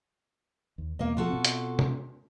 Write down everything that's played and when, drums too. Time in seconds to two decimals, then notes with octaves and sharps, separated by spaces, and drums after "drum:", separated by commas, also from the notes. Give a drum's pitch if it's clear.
0.78 D#2
0.99 E2 B2 A#3 D#5
1.17 B2 F3 A3 F4 F#4 A4
1.30 B2 C4
1.45 drum: hi-hat
1.79 drum: tom